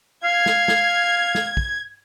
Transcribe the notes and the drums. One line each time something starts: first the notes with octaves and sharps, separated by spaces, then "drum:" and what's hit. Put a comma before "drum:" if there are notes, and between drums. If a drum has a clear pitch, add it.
F5 G#6
drum: snare
drum: snare
drum: snare
drum: kick